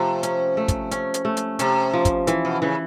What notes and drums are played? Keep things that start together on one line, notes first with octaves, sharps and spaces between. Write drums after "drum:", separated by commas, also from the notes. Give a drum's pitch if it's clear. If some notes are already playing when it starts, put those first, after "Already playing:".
Already playing: C3 F3 A3
C#4, drum: hi-hat
A3
drum: kick, hi-hat
C#4, drum: hi-hat
drum: hi-hat
A3
drum: hi-hat
C3 C#4, drum: hi-hat
F3
drum: kick, hi-hat
E3, drum: hi-hat
B2
C#3 E3